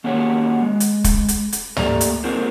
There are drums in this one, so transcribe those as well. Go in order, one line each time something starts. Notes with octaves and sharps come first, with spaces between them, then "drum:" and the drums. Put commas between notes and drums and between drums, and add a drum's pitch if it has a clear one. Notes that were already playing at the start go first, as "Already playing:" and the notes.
D#3 A#3 C#4 F#4 G4 C#5
G#3
drum: hi-hat
drum: kick, hi-hat
drum: hi-hat
drum: hi-hat
A3 A#3 G4 D5 A#5, drum: tom
drum: hi-hat
A#3 C4 F4 G#4 A#4 C5